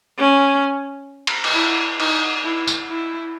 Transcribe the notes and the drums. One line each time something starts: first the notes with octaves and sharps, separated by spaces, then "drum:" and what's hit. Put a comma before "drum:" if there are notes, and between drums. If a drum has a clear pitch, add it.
C#4
drum: cymbal
drum: cymbal
E4
D#4, drum: cymbal
E4
drum: tambourine
E4